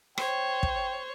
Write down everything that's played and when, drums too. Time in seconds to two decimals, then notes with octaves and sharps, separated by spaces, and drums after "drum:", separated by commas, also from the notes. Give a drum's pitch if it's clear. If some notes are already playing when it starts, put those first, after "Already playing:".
0.18 C5 C#5 G5, drum: rim click
0.63 drum: kick